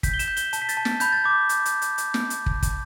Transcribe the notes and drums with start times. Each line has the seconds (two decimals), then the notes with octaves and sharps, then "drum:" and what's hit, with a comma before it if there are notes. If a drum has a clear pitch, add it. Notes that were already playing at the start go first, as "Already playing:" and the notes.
0.03 G6 B6, drum: kick, hi-hat
0.14 G7
0.19 E7, drum: hi-hat
0.28 G6
0.37 G7, drum: hi-hat
0.53 A5, drum: hi-hat
0.62 B6
0.69 A6, drum: hi-hat
0.77 A5
0.85 A6, drum: snare
1.00 B5 G6, drum: hi-hat
1.12 A6
1.24 D6 G6
1.49 drum: hi-hat
1.65 drum: hi-hat
1.82 drum: hi-hat
1.98 drum: hi-hat
2.14 drum: snare
2.30 drum: hi-hat
2.46 drum: kick
2.63 drum: kick, hi-hat